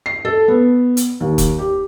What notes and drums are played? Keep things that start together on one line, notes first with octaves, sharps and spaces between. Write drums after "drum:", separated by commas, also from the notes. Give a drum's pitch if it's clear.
C7
A4
B3
drum: hi-hat
D#2
drum: kick F1, hi-hat
G4